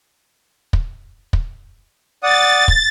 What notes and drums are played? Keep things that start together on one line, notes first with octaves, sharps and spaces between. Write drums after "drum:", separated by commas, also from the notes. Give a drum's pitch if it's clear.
drum: kick
drum: kick
D5 F#5 D#6 A6
drum: kick